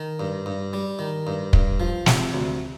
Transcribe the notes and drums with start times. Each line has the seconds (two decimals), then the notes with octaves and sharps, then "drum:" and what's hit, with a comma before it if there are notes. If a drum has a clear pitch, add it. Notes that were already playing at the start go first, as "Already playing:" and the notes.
Already playing: D#3
0.20 G2
0.46 G2
0.73 G3
0.99 D#3
1.27 G2
1.53 G2, drum: kick
1.80 F3
2.06 C3, drum: snare
2.33 D2